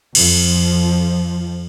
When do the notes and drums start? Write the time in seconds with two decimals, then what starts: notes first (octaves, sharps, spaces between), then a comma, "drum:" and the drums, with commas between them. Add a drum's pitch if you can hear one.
0.15 F2 F3, drum: cymbal